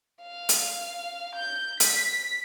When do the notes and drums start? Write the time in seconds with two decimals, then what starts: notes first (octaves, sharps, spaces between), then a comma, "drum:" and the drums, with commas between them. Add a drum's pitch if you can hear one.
0.23 F5
0.49 drum: hi-hat
1.35 G6
1.80 B6, drum: hi-hat